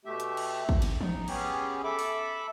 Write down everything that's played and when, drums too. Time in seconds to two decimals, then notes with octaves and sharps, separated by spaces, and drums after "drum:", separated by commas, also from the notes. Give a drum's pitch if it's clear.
0.05 B2 A3 G4 E5
0.20 drum: hi-hat
0.37 drum: cymbal
0.69 drum: kick
0.82 drum: cymbal
1.01 D#4, drum: tom E3
1.28 B3 C#4 G4 G#4, drum: cymbal
1.84 A4 E5 B5 D6
1.99 drum: open hi-hat